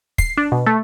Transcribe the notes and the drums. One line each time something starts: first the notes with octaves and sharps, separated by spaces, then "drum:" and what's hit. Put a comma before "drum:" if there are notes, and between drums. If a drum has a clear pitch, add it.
C7, drum: kick
D4
B2
A3